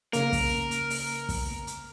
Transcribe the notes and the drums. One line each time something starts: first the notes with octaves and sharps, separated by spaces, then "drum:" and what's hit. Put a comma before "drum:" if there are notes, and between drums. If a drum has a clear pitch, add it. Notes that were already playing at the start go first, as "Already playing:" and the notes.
C#3 A#3 A#4, drum: hi-hat
drum: kick, open hi-hat
drum: hi-hat
drum: open hi-hat
drum: kick, open hi-hat
drum: hi-hat